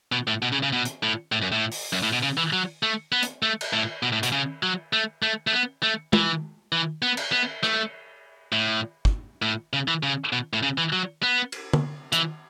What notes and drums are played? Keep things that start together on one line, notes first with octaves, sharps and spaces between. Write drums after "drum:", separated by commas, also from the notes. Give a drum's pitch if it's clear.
B2
A2
B2
C#3
C#3
B2
drum: hi-hat
A2
A2
F#2
A2
drum: open hi-hat
F#2
A2
B2
C#3
E3
F#3
A3
B3
drum: hi-hat
A3
drum: cymbal
A2
B2
A2
B2, drum: hi-hat
C#3
F#3
A3
A3
A3
B3
A3
E3, drum: tom
E3
B3
drum: cymbal
B3
A3, drum: rim click
A2
drum: kick
A2
C#3
E3
C#3
B2
A2
C#3
E3
F#3
B3
drum: cymbal
drum: tom
E3, drum: hi-hat